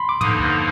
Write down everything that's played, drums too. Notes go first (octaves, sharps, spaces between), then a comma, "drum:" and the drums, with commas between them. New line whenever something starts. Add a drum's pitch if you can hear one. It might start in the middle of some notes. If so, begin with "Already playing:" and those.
Already playing: B5 C6
D6
G2 D3 F3 A#3 D#4 D#6, drum: tom
drum: kick C#2